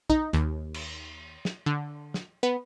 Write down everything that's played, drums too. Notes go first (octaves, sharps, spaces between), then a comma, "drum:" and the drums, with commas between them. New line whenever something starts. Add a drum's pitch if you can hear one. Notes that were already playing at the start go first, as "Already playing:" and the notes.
D#4, drum: kick
D#2, drum: hi-hat
drum: cymbal
drum: snare
D3
drum: snare
B3